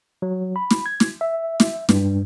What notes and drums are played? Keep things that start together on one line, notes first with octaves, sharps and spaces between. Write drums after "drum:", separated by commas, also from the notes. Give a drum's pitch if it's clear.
F#3
B5
drum: snare
G#6
drum: snare
E5
drum: snare
G2, drum: snare